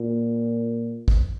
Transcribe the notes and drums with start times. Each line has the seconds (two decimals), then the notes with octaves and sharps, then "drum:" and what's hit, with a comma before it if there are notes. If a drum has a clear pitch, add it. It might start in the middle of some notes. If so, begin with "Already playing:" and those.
Already playing: A#2
1.08 drum: kick